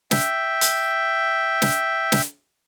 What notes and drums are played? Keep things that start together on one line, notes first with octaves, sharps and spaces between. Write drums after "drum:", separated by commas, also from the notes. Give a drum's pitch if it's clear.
E5 G5, drum: snare
drum: hi-hat
drum: snare
drum: snare